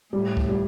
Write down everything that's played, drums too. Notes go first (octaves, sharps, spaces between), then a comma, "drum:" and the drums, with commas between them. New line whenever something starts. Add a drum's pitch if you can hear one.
A2 G3
drum: kick C#2
G3